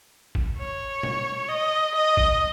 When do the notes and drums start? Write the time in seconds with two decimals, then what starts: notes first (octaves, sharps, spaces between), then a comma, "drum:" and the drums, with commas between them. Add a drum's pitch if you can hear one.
0.35 drum: kick
0.58 C#5
1.03 drum: tom
1.48 D#5
1.95 D#5
2.17 drum: kick